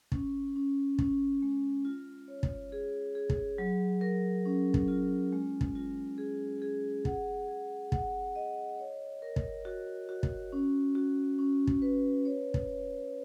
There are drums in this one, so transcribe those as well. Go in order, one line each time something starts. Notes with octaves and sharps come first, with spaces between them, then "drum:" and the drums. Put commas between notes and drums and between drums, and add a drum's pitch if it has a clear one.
C#4, drum: kick
C#4
C#4, drum: kick
G#3
F4
C#5
drum: kick
G#4
G#4
drum: kick
F#3
A#4
C#4
drum: kick
F4
G#3
drum: kick
F4
G#4
G#4
F#5, drum: kick
G#4
F#5, drum: kick
D#5
C#5
A#4
drum: kick
F#4
F#4
drum: kick
C#4
F#4
C#4
drum: kick
B4
C#5
drum: kick
C#5